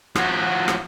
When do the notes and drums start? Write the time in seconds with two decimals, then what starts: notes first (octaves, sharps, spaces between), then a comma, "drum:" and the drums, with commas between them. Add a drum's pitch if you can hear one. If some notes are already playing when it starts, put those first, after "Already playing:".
0.15 F3 F#4, drum: rim click
0.68 drum: rim click